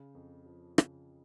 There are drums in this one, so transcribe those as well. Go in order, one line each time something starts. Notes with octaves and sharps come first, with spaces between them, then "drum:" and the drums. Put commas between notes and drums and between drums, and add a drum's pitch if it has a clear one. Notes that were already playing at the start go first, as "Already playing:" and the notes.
Already playing: C#3
F2
F3
C#3, drum: rim click